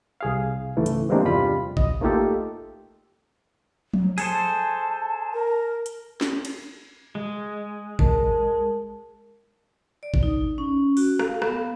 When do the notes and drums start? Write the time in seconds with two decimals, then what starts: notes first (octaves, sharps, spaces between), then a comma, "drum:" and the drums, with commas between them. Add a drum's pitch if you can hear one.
0.21 C2 G#4 F5
0.77 C#2 G#2 E3 A3
0.86 drum: hi-hat
1.09 E3 G3 G#3 A#3 C4 D4
1.24 E2 G2 C3 G3 F4 B5
1.77 D#5, drum: kick
2.01 A3 A#3 D#4 F4 G4 A4
3.94 drum: tom F3
4.18 G#4 A4 C5 A5, drum: open hi-hat
5.33 A#4
5.86 drum: hi-hat
6.21 drum: snare
6.45 drum: cymbal
7.15 G#3
7.99 A#4 A5, drum: kick
10.03 D5
10.14 drum: kick
10.23 D#4
10.58 C#4
10.97 F#4, drum: open hi-hat
11.19 F5, drum: rim click
11.42 B3, drum: rim click